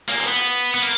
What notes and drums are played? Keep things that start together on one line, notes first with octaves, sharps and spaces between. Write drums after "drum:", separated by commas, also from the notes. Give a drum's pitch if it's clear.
A#3, drum: open hi-hat
C4
B3
B3
A#3